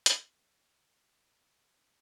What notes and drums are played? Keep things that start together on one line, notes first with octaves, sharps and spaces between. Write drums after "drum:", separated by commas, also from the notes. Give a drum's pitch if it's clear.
E2 A2 C3, drum: hi-hat